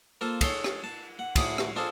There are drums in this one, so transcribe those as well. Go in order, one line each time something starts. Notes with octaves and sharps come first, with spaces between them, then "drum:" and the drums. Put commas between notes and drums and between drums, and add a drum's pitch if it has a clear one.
A#3 F4 A4 C5
G#4 A4 C#5 C6, drum: kick, cymbal
drum: rim click
A5
F#5
D2 A2 G#4 B5 D6 D#6, drum: kick, cymbal
drum: rim click
C4 D4 F4 G#4 A4 C5